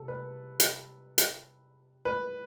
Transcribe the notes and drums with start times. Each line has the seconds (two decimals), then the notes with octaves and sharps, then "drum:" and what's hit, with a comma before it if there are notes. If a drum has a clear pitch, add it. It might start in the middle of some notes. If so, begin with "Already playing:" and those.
Already playing: C3 A4
0.08 B4
0.60 drum: hi-hat
1.18 drum: hi-hat
2.05 B4